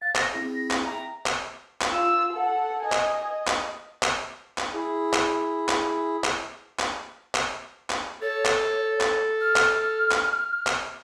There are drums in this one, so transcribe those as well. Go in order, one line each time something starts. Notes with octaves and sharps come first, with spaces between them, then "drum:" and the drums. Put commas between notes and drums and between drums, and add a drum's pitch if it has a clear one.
F5 F#6 A6
C5 F5 A#6, drum: clap
C4 E4 G#4
drum: clap
E5 G5 A#5
drum: clap
drum: clap
F4 E6
A4 F#5
D#5 G#5
drum: clap
D#5
drum: clap
drum: clap
drum: clap
E4 G#4
drum: clap
drum: clap
drum: clap
drum: clap
drum: clap
drum: clap
A4 C#5
drum: clap
drum: clap
F6
drum: clap
drum: clap
drum: clap